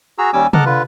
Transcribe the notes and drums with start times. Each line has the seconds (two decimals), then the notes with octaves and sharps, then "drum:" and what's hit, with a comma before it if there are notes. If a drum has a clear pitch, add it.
0.18 F#4 G#4 A#5 E6
0.33 D#2 G3 C#4 G#5 D6 E6
0.53 D#5 F#5 A5 A#5 D6 F6, drum: tom
0.66 D3 F4 B4